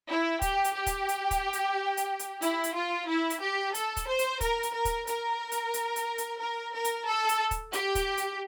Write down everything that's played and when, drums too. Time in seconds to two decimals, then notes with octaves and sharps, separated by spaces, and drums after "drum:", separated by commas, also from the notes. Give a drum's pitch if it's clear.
0.09 E4
0.42 G4, drum: kick, hi-hat
0.64 drum: hi-hat
0.75 G4
0.87 drum: kick, hi-hat
1.09 drum: hi-hat
1.31 drum: kick, hi-hat
1.53 drum: hi-hat
1.97 drum: hi-hat
2.19 drum: hi-hat
2.42 E4, drum: hi-hat
2.64 drum: hi-hat
2.75 F4
3.08 E4
3.30 drum: hi-hat
3.41 G4
3.75 A4, drum: hi-hat
3.97 drum: kick, hi-hat
4.07 C5
4.19 drum: hi-hat
4.41 A#4, drum: kick, hi-hat
4.63 drum: hi-hat
4.74 A#4
4.85 drum: kick, hi-hat
5.07 A#4, drum: hi-hat
5.52 drum: hi-hat
5.74 drum: hi-hat
5.96 drum: hi-hat
6.18 drum: hi-hat
6.40 A#4
6.74 A#4
6.85 drum: hi-hat
7.07 A4
7.29 drum: hi-hat
7.51 drum: kick, hi-hat
7.73 G4, drum: hi-hat
7.95 drum: kick, hi-hat
8.17 drum: hi-hat